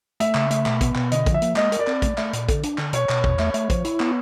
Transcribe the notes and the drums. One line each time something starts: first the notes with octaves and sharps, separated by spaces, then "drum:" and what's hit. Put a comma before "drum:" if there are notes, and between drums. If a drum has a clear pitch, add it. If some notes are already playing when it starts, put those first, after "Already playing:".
A3 E5, drum: hi-hat
C#3, drum: clap
A3, drum: hi-hat
B2, drum: clap
B3, drum: kick, hi-hat
B2, drum: clap
D3 D#5, drum: hi-hat
F3, drum: kick, hi-hat
E5
A#3, drum: hi-hat
G#3 D#5, drum: clap
A#4, drum: hi-hat
D5
C4, drum: clap
A3, drum: kick, hi-hat
A3, drum: clap
A#2, drum: hi-hat
D3, drum: kick, hi-hat
D4, drum: hi-hat
D3, drum: clap
B2 C#5, drum: hi-hat
B2, drum: clap
E2, drum: kick
A3, drum: clap
A3, drum: hi-hat
F3, drum: kick, hi-hat
E4, drum: hi-hat
B3, drum: clap